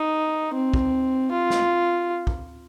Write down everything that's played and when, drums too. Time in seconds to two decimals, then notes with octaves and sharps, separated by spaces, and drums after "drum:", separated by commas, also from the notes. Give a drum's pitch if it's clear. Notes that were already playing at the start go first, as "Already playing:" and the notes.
Already playing: D#4
0.54 C4
0.74 drum: kick
1.32 F4
1.50 drum: snare
2.27 drum: kick